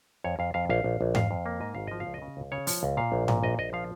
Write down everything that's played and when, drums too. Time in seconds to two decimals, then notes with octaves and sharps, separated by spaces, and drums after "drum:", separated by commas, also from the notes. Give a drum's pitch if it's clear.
0.24 F2 C#5
0.39 F2 F5
0.54 F2 F5
0.70 A#1 F5
0.84 A#1
1.01 A#1
1.15 F2 F5, drum: tom G#2
1.31 F2
1.46 A#3
1.61 G#2 D#5
1.75 G#1 F5
1.87 F3 D#5
2.00 F5
2.07 C#2
2.14 D#5
2.22 C#3
2.37 C#2
2.52 C#3 C#5
2.67 F3, drum: open hi-hat
2.83 C#2
2.97 A#2 F5
3.12 A#1
3.28 A#2, drum: tom G#2
3.43 A#1 D#5
3.59 A#1 D#5
3.73 F3 F5